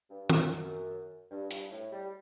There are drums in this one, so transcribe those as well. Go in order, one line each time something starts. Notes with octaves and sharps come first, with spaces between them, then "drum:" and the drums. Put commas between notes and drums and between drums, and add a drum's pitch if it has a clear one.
G2
F#2, drum: tom
G2
G2, drum: hi-hat
A2
G3